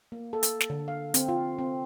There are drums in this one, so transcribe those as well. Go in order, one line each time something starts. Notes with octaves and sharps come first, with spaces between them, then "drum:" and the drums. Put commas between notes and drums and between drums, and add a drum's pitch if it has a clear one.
A#3
A4
drum: hi-hat
drum: snare
D3
F5
C4, drum: hi-hat
F4
C4